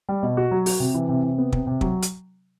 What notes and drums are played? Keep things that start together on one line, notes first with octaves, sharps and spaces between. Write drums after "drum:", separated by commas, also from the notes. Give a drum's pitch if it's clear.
G3
B2
F#4
F#3
F#4, drum: open hi-hat
C3
E3
C3
C3
B3
C3, drum: kick
C3
F#3, drum: kick
drum: hi-hat